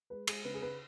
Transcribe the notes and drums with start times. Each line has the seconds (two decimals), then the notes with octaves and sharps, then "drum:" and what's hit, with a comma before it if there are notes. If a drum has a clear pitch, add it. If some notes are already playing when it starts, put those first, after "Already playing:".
0.10 G#3 B4
0.27 G#3 G#4, drum: cymbal
0.45 C#3 B4
0.54 G#4
0.62 C#3 B4